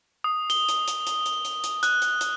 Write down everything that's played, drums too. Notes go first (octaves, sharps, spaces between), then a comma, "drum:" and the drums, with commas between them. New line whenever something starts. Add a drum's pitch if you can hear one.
D#6
G7, drum: hi-hat
drum: hi-hat
drum: hi-hat
drum: hi-hat
drum: hi-hat
drum: hi-hat
drum: hi-hat
F#6, drum: hi-hat
drum: hi-hat
drum: hi-hat